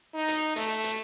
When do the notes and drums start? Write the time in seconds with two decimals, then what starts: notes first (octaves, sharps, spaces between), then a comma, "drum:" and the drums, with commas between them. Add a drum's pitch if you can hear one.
0.14 D#4
0.28 drum: hi-hat
0.56 A3, drum: hi-hat
0.84 drum: hi-hat